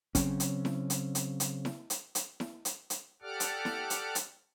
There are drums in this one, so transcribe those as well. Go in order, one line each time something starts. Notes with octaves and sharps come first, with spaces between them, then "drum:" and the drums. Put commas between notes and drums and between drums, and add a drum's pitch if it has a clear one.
C#3 F#3 C4 C#4, drum: kick, hi-hat
drum: hi-hat
drum: snare E4
drum: hi-hat
drum: hi-hat
drum: hi-hat
drum: snare E4
drum: hi-hat
drum: hi-hat
drum: snare E4
drum: hi-hat
drum: hi-hat
G4 A4 D5 F#5 D6 F6
drum: hi-hat
drum: snare E4
drum: hi-hat
drum: hi-hat